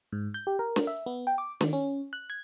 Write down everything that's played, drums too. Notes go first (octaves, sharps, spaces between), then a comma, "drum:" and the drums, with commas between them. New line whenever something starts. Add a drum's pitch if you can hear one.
G#2
G6
G4
A#4
drum: snare
E5
B3
G5
D6
D#3, drum: snare
C#4
F#6
G#6